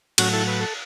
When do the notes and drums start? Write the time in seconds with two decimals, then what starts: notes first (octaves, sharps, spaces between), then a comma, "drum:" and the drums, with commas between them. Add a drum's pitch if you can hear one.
0.18 A2 F#3 C#4 F#4, drum: cymbal
0.33 E4 A4
0.47 B4
0.61 A4